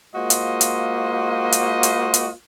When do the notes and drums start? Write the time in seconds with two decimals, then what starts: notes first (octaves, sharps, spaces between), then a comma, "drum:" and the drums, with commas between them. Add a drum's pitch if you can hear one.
0.15 G#3 A#3 F4 F#4 C5 D#5
0.30 drum: hi-hat
0.61 drum: hi-hat
1.52 drum: hi-hat
1.83 drum: hi-hat
2.14 drum: hi-hat